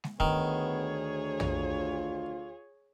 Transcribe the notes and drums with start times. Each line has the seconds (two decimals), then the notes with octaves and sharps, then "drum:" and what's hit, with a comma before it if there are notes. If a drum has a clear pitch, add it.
0.04 drum: snare G#3
0.20 D2 D#3 B3 G#4 C#5, drum: kick
1.40 F4, drum: tom